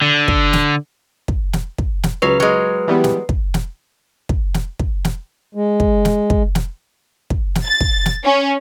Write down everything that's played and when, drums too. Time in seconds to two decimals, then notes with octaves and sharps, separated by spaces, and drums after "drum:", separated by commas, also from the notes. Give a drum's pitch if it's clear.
0.02 D3
0.28 drum: kick
0.53 drum: snare
1.28 drum: kick
1.53 drum: snare
1.78 drum: kick
2.03 drum: snare
2.22 C#2 F#3 B4 C7
2.40 F#3 G#3
2.88 E3 G3 B3
3.04 drum: snare
3.29 drum: kick
3.54 drum: snare
4.29 drum: kick
4.54 drum: snare
4.79 drum: kick
5.05 drum: snare
5.55 G#3
5.80 drum: kick
6.05 drum: snare
6.30 drum: kick
6.55 drum: snare
7.30 drum: kick
7.55 drum: snare
7.66 A6
7.80 drum: kick
8.06 drum: snare
8.25 C#4